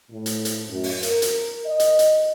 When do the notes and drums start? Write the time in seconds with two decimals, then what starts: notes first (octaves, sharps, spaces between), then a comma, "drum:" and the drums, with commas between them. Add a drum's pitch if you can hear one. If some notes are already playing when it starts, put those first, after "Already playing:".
0.10 A2
0.26 drum: hi-hat
0.45 drum: hi-hat
0.69 F#2
0.83 drum: open hi-hat
1.03 A#4, drum: hi-hat
1.22 drum: hi-hat
1.66 D#5
1.80 drum: hi-hat
1.99 drum: hi-hat